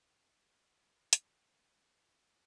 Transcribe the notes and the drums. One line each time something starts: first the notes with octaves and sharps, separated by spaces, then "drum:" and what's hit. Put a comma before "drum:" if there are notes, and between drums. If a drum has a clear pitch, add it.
C#6
B6
F#2, drum: hi-hat
C5
E6
C6
G#4